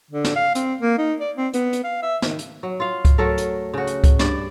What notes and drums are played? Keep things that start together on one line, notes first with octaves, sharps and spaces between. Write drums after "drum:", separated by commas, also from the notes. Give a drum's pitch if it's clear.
D3
drum: snare
F5
C4, drum: hi-hat
A#3
D#4
D5
C4
B3, drum: hi-hat
drum: hi-hat
F5
E5
D#3, drum: snare
drum: hi-hat
F#3
F4 F5
drum: kick C#2, hi-hat
F#3 A3 A4 A#4
drum: hi-hat
C#3 F#4
drum: hi-hat
drum: kick C#2, hi-hat
G2 D5, drum: snare